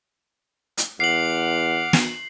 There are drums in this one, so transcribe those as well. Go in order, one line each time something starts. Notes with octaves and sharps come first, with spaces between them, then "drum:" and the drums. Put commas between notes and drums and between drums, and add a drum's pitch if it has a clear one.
drum: hi-hat
E2 F#5 D6 F6 C7 F#7
drum: snare